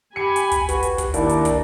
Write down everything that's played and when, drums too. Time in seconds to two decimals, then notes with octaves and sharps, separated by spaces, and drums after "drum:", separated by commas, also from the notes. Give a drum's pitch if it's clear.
0.16 G4 G#5 B5 C#7
0.36 drum: hi-hat
0.51 drum: kick, hi-hat
0.69 F#4 G4 B4, drum: kick, hi-hat
0.83 drum: hi-hat
0.98 drum: kick, hi-hat
1.14 D#2 D4 E4 A#4 D5, drum: hi-hat
1.29 drum: hi-hat
1.45 drum: kick, hi-hat